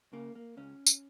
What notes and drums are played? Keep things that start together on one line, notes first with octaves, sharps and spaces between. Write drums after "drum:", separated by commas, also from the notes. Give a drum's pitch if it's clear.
C#3 A#3
A#3
C#2 C#4
drum: tambourine